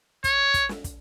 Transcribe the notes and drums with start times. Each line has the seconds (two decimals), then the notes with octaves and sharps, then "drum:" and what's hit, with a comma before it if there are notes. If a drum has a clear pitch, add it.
0.24 C#5, drum: kick, hi-hat
0.54 drum: kick, hi-hat
0.69 drum: snare
0.84 drum: kick, hi-hat